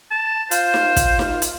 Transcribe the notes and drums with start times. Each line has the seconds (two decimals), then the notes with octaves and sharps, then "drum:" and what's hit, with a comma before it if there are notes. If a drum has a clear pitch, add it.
0.11 A5
0.51 F4 C5, drum: hi-hat
0.74 drum: snare D#4
0.96 drum: kick, hi-hat
1.19 drum: snare D#4
1.42 drum: hi-hat